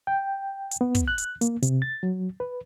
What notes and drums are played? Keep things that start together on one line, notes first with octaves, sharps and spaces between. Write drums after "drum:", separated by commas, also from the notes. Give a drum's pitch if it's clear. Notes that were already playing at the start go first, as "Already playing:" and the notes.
G5
drum: hi-hat
B3
drum: kick, hi-hat
F#6
drum: hi-hat
A#3, drum: hi-hat
C3, drum: hi-hat
A6
F#3
B4